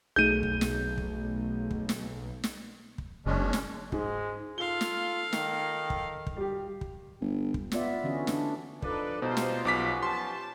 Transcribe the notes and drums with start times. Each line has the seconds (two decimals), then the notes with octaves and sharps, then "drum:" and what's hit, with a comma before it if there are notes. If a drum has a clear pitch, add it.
0.16 B1 A3 D#4 G#4 G6 D#7
0.43 drum: kick
0.61 drum: snare
0.98 drum: kick
1.71 drum: kick
1.89 drum: snare
2.44 drum: snare
2.98 drum: kick
3.26 F#1 G#3 C#4 D4
3.53 drum: snare
3.92 G#2 G#3, drum: kick
4.58 F4 A4 F5 G7
4.81 drum: snare
5.33 D#3, drum: snare
5.90 drum: kick
6.27 drum: kick
6.37 G3 G4
6.81 drum: kick
7.21 G1
7.54 drum: kick
7.72 B3 F4 D5 E5, drum: snare
8.04 D3 E3 C#4 F#4 D#5
8.27 C#4 D4, drum: snare
8.82 F3 D4 D#4 A4 B4 D5, drum: kick
9.22 B2 G3 D#4 F4 C5
9.37 drum: snare
9.65 B1 F3 B3 C#4 D6 B6
10.03 G4 A5 C6